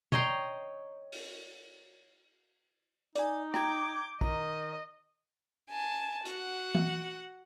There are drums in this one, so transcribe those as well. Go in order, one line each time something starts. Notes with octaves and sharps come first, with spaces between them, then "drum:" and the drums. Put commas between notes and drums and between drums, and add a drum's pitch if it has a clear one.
C#5 D#5 G5 A#5 C6, drum: tom B2
drum: open hi-hat
D#4 D5 G#5, drum: hi-hat
G5 A#5 D6 G6 G#6, drum: rim click
D#3 D#5 A#5, drum: kick
G#5 A5
F#4 F#5, drum: hi-hat
drum: tom E3